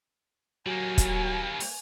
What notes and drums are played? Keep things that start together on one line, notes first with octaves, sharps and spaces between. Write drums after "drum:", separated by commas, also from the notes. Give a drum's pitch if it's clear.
F#3 G3 A#3 G#5
drum: kick, hi-hat
drum: open hi-hat